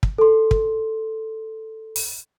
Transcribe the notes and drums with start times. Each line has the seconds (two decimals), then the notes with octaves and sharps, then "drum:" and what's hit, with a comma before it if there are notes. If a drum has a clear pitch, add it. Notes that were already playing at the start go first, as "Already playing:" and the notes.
0.03 drum: kick
0.18 A4 C6
0.51 drum: kick
1.96 drum: open hi-hat